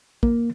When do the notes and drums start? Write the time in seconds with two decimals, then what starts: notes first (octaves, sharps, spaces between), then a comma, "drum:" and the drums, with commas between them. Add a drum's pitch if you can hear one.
0.23 A#3, drum: kick